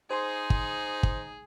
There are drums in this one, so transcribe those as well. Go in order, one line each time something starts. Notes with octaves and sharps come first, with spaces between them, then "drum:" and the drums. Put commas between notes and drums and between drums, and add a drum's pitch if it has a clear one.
D#4 G#4 C5 C6
drum: kick
drum: kick